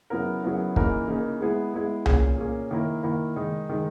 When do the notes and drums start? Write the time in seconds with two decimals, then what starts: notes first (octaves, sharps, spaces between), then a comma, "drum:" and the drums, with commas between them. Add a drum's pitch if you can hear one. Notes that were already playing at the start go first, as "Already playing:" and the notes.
0.10 C#3 F#3 B3 E4 A#4
0.43 C#3 F#3 B3 E4 A#4
0.76 C#3 E3 A#3 D#4 A#4, drum: kick
1.08 C#3 E3 A#3 D#4 A#4
1.41 G#3 B3 E4 G#4
1.74 G#3 B3 E4 G#4
2.06 A#2 A#3 C#4 G#4, drum: tom C2
2.38 A#2 A#3 C#4 G#4
2.71 D#3 A#3 E4 A#4
3.03 D#3 A#3 E4 A#4
3.36 D#3 G#3 D#4
3.69 D#3 G#3 D#4